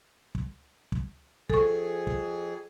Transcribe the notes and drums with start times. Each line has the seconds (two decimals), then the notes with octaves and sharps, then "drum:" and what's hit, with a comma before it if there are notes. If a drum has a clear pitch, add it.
0.35 drum: kick
0.92 drum: kick
1.50 F2 G#4 A4 C#6, drum: kick
2.07 drum: kick